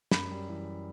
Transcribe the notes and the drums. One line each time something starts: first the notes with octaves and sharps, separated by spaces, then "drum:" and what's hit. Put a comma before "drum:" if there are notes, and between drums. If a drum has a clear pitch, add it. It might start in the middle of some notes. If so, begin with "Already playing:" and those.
F#2 B5, drum: snare
G3
E3